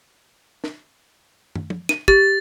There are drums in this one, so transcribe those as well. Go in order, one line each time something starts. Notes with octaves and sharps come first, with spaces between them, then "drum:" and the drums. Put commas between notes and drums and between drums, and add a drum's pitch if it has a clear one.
drum: snare
drum: tom
drum: tom
D#7, drum: snare
G4 A6, drum: kick